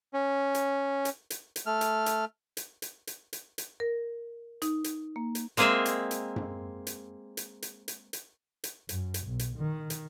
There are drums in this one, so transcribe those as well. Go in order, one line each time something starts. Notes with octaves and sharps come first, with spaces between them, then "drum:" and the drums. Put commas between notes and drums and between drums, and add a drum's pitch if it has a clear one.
C#4
drum: hi-hat
drum: hi-hat
drum: hi-hat
drum: hi-hat
A3 F6
drum: hi-hat
drum: hi-hat
drum: hi-hat
drum: hi-hat
drum: hi-hat
drum: hi-hat
drum: hi-hat
A#4
D#4, drum: hi-hat
drum: hi-hat
A#3
drum: hi-hat
G#3 A#3 C4 G#4 A#4 E5, drum: hi-hat
drum: hi-hat
drum: hi-hat
drum: tom F#2
drum: hi-hat
drum: hi-hat
drum: hi-hat
drum: hi-hat
drum: hi-hat
drum: hi-hat
F#2, drum: hi-hat
drum: hi-hat
B1
drum: hi-hat
D#3
drum: hi-hat